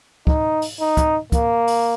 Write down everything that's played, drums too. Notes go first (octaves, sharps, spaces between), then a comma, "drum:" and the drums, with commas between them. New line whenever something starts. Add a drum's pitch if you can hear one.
D#4, drum: kick
drum: open hi-hat
D#4
drum: kick, hi-hat
A#3, drum: kick, hi-hat
drum: open hi-hat